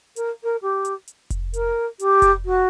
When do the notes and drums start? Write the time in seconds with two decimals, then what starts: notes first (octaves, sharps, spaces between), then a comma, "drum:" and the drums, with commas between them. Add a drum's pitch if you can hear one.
0.16 A#4, drum: hi-hat
0.43 A#4
0.62 G4
0.85 drum: hi-hat
1.08 drum: hi-hat
1.30 drum: kick F1, hi-hat
1.54 A#4, drum: hi-hat
1.99 G4, drum: hi-hat
2.22 drum: kick F1, hi-hat
2.45 F#4